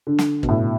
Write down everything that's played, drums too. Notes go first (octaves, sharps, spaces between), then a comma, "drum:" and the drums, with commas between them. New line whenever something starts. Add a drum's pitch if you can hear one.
D3
drum: snare
B2, drum: kick
A2